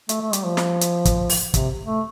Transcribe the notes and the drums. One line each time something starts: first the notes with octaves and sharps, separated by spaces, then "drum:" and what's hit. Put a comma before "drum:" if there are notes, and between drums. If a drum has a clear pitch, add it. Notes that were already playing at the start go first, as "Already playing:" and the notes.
A3, drum: hi-hat
A3
G3, drum: hi-hat
F3
drum: snare
drum: hi-hat
drum: kick, hi-hat
drum: open hi-hat
C3, drum: kick, hi-hat
A3